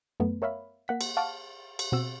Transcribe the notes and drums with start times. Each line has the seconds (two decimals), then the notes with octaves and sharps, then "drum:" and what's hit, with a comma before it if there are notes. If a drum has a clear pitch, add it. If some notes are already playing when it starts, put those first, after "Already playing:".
0.20 F#2 A3 B3
0.42 A#4 C#5 E5 F5 B5
0.88 A#3 F#5 B6
1.01 drum: cymbal
1.17 F5 F#5 A5 C#6 D6 F6
1.79 drum: cymbal
1.92 B2 C4 F#4 E6